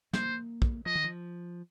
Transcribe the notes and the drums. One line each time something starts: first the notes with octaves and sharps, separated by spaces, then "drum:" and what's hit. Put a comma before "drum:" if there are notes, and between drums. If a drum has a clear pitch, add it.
A#3 C5, drum: snare
drum: kick
F3 D#5
D#3
F3